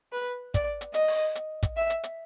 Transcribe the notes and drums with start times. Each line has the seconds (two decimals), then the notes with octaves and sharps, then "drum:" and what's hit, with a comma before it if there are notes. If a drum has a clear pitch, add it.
0.12 B4
0.54 D5, drum: kick, hi-hat
0.81 drum: hi-hat
0.94 D#5, drum: hi-hat
1.08 drum: open hi-hat
1.35 drum: hi-hat
1.63 drum: kick, hi-hat
1.77 E5
1.90 drum: hi-hat
2.04 drum: hi-hat